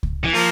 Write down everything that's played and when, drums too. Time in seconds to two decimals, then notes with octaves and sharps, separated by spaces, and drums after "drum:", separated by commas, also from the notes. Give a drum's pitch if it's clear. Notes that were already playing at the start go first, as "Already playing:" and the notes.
0.03 drum: kick C#2
0.24 E3
0.33 F3 A#3